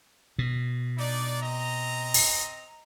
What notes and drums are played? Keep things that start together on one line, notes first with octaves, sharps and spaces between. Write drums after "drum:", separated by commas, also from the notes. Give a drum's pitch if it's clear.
B2
D4 D#4 D5
C4 D#5 A#5
drum: open hi-hat